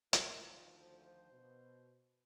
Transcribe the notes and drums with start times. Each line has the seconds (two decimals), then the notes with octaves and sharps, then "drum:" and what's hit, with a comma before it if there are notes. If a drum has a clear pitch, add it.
0.13 D2 D#3 F3 A#4, drum: hi-hat
0.64 C5
1.32 B2